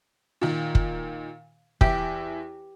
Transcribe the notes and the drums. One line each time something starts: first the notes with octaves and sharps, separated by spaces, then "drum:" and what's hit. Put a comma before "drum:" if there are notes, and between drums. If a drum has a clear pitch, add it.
A#2 D#3
drum: kick
E2 E4 G4, drum: kick